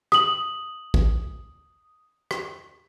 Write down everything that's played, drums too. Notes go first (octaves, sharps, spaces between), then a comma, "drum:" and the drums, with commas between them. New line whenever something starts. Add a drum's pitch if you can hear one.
D#6 F#7, drum: rim click
drum: kick A1
drum: rim click